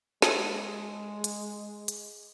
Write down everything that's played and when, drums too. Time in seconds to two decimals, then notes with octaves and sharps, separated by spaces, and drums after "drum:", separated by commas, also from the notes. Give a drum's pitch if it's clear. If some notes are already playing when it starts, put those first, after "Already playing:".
0.22 G#3 G#4 A4, drum: snare
1.24 drum: hi-hat
1.88 drum: hi-hat